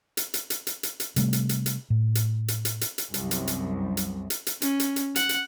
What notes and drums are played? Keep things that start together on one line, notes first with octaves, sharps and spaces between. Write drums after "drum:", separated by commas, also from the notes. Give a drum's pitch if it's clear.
drum: hi-hat
drum: hi-hat
drum: hi-hat
drum: hi-hat
drum: hi-hat
drum: hi-hat
C3 G3 A3, drum: hi-hat
drum: hi-hat
drum: hi-hat
drum: hi-hat
A2
drum: hi-hat
drum: hi-hat
drum: hi-hat
drum: hi-hat
drum: hi-hat
C2 F#2, drum: hi-hat
drum: hi-hat
drum: hi-hat
drum: hi-hat
drum: hi-hat
drum: hi-hat
C#4, drum: hi-hat
drum: hi-hat
drum: hi-hat
F#5, drum: hi-hat
drum: hi-hat